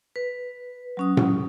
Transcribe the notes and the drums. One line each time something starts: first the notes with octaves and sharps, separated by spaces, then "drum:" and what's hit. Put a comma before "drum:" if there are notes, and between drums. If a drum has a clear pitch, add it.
B4
F#3 C#4 D#6
drum: tom A2